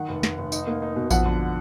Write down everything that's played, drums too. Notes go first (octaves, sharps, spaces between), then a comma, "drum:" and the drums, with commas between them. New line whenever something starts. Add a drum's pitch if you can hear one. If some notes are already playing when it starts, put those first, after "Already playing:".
Already playing: D#3 F#5
F1
F1, drum: snare
F1
D#4, drum: tambourine
A#3
D#4
B2
F2 F#5, drum: kick A1, tambourine
D3